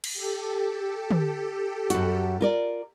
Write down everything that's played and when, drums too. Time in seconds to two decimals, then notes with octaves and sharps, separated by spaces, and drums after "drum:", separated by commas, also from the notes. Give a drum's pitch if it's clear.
0.04 drum: cymbal
0.14 G4 A4
1.11 drum: tom
1.90 F#2 F#4, drum: hi-hat
2.41 F4 A#4 D5